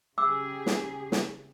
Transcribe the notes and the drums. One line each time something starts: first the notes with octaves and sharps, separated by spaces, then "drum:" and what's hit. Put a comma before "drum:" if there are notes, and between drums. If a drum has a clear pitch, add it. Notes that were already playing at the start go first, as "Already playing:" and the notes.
C#3 G4 G#4 G5 D6 E6
drum: snare
drum: snare